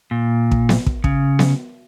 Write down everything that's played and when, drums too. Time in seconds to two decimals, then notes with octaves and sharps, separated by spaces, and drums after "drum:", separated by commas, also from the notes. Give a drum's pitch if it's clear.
0.11 A#2
0.51 drum: kick
0.69 drum: snare B3
0.86 drum: kick
1.04 C#3, drum: kick
1.39 drum: snare B3